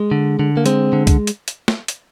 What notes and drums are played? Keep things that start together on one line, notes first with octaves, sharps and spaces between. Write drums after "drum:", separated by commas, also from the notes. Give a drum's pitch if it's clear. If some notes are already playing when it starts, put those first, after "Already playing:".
Already playing: G#3
D3
D3
A#3
G#3 C4, drum: hi-hat
D3
drum: kick C2, hi-hat
drum: hi-hat
drum: hi-hat
drum: snare
drum: hi-hat